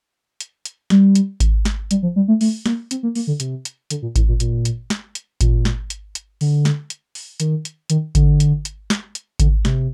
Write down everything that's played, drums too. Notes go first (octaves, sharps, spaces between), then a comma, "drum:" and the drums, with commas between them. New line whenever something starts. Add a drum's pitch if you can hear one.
drum: hi-hat
drum: hi-hat
G3, drum: snare
drum: hi-hat
drum: kick G#1, hi-hat
drum: snare
G3, drum: hi-hat
F3
G3
A3
A3, drum: open hi-hat
A#3, drum: snare
C4, drum: hi-hat
A#3
A#3, drum: open hi-hat
D3
C3, drum: hi-hat
drum: hi-hat
D3, drum: hi-hat
A#2
A2, drum: kick G#1, hi-hat
A#2
A#2, drum: hi-hat
drum: hi-hat
drum: snare
drum: hi-hat
A#2, drum: kick G#1, hi-hat
drum: snare
drum: hi-hat
drum: hi-hat
D3, drum: open hi-hat
drum: snare
drum: hi-hat
drum: open hi-hat
D#3, drum: hi-hat
drum: hi-hat
D#3, drum: hi-hat
D3, drum: kick G#1, hi-hat
drum: hi-hat
drum: hi-hat
drum: snare
drum: hi-hat
D3, drum: kick G#1, hi-hat
C3, drum: snare